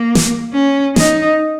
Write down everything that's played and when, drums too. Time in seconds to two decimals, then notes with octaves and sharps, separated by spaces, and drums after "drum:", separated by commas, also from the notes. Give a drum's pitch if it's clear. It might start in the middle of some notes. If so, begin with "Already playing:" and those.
Already playing: A#3
0.15 drum: snare
0.53 C#4
0.96 D#4, drum: snare